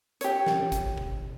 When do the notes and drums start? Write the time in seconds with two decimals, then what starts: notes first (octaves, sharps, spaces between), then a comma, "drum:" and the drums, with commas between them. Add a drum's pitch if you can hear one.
0.21 G4 C#5, drum: hi-hat
0.46 drum: snare
0.72 drum: kick G#1, hi-hat
0.98 drum: kick G#1